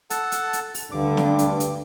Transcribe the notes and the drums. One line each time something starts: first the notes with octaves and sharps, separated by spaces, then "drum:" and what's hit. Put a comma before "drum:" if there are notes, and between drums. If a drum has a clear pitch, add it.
A4 F#5 A5, drum: hi-hat
drum: hi-hat
drum: hi-hat
drum: open hi-hat
D2 G2 D3 D6
drum: snare
drum: hi-hat
drum: hi-hat